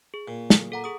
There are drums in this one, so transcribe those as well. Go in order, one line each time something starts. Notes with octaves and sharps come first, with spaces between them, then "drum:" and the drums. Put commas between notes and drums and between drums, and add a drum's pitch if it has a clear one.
G#4
A#2
drum: snare
A4 F#5 A#5
G#4 D#6